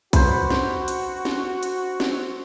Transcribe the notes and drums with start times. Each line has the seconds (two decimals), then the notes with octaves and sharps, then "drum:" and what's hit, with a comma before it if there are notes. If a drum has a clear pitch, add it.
0.13 F#4 C5 B5, drum: kick B1, hi-hat
0.50 drum: snare
0.88 drum: hi-hat
1.25 drum: snare
1.63 drum: hi-hat
2.00 drum: snare